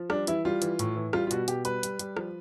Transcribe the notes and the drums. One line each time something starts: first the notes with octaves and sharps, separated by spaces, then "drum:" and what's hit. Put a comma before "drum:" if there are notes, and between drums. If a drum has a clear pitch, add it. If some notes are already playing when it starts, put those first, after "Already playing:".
Already playing: F3
G3 D4, drum: rim click
E3 E4, drum: hi-hat
G3 F4
E3, drum: hi-hat
A2, drum: hi-hat
E3
G3 F4, drum: rim click
F4
B2 F#4, drum: hi-hat
B2 G4, drum: hi-hat
G3 B4, drum: hi-hat
G3, drum: hi-hat
G3, drum: hi-hat
F3, drum: rim click